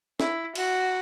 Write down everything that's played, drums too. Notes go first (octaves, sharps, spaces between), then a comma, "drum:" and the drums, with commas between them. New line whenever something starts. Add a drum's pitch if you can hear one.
E4, drum: snare
F#4, drum: cymbal